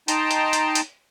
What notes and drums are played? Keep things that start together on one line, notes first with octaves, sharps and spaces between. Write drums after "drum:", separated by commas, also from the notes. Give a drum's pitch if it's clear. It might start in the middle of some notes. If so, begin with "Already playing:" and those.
D#4 G5 A5 A#5 C6, drum: hi-hat
drum: hi-hat
drum: hi-hat
drum: hi-hat